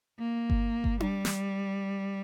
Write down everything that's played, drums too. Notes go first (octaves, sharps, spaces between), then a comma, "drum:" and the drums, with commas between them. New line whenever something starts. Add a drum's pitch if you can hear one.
A#3
drum: kick G1
drum: kick G1
G3, drum: tom D4
drum: snare